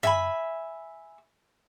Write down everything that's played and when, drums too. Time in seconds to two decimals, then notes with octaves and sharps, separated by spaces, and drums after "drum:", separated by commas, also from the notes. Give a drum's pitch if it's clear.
0.03 E5 G#5 B5, drum: tom F#2